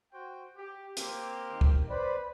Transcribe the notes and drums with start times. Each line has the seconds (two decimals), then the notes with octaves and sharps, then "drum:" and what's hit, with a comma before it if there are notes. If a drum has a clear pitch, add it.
0.13 F#4 C5 G5
0.56 G4
0.97 A#3 C4 G4, drum: hi-hat
1.50 D#3
1.61 drum: kick C#2
1.90 B4 C5 D5 B5